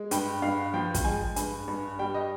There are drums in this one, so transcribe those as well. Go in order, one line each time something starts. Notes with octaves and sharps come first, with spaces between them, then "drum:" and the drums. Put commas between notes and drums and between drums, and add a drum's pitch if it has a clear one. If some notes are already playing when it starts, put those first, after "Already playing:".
Already playing: G#3
G2 G5, drum: hi-hat
G2 F5
F3 G5
drum: kick, hi-hat
G#3 G#5
G2 G#5, drum: hi-hat
G2
G3 G5
D#5